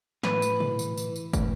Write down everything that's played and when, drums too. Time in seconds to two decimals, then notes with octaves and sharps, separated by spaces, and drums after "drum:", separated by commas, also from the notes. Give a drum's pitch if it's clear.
0.23 A2 B4, drum: snare
0.42 drum: tambourine
0.60 E3, drum: tom
0.79 drum: tambourine
0.97 E3, drum: tambourine
1.16 drum: tambourine
1.33 A2, drum: kick, tambourine